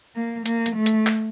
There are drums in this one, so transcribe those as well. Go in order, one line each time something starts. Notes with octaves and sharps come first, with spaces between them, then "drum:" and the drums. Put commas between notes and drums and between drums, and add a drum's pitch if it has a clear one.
A#3
A#3, drum: hi-hat
drum: hi-hat
A3
drum: hi-hat
drum: clap